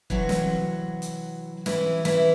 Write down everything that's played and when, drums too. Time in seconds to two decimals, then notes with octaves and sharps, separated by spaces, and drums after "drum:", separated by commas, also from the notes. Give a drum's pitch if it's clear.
0.10 C3 E3 F#3 F#4, drum: kick
0.29 drum: snare
1.02 drum: hi-hat
1.66 E3 E4, drum: snare
2.05 E3 E4, drum: snare